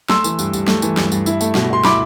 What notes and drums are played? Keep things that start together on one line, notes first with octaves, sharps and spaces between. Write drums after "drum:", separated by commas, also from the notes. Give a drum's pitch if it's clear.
A3 C6 E6, drum: snare
E3, drum: tambourine
G2, drum: tambourine
G2, drum: tambourine
A3, drum: snare
E3, drum: tambourine
G2, drum: snare
G2, drum: tambourine
E4, drum: tambourine
A3, drum: tambourine
B2, drum: snare
B2 C6
E4 B5 D6, drum: snare